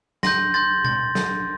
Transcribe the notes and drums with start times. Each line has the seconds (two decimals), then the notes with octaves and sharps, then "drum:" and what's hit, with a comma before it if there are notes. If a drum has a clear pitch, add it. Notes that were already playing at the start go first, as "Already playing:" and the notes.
0.23 C6 G6 A#6, drum: snare
0.54 C6 G6 A6
0.84 C6 A6, drum: tom B2
1.15 drum: snare